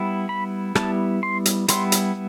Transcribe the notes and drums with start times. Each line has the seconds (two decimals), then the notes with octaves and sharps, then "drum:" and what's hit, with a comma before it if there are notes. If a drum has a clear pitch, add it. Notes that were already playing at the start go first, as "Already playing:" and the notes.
Already playing: G3 B3 E4
0.29 B5
0.75 G3 B3 E4 A5, drum: rim click
1.23 C6
1.46 drum: hi-hat
1.68 G3 B3 E4 C6, drum: hi-hat
1.92 drum: hi-hat